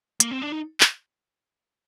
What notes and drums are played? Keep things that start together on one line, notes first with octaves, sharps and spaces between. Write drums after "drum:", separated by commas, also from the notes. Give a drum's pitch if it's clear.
A#3, drum: hi-hat
C4
D4
D#4
drum: clap